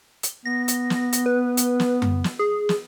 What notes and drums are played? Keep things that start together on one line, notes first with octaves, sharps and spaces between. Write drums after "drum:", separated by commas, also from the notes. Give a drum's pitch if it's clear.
drum: hi-hat
B3 A#6
drum: hi-hat
drum: snare
drum: hi-hat
B4
drum: hi-hat
drum: snare
drum: tom F#2
drum: snare
G#4
drum: snare